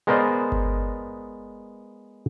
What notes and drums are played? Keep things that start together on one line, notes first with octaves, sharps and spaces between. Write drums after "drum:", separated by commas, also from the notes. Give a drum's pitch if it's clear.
G#3 B3 A#4 C5 D5 D#5
drum: kick G1